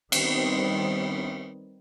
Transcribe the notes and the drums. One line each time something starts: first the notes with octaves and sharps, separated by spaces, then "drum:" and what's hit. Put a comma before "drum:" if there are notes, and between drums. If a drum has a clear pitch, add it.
D#3 G3 B3 C4, drum: cymbal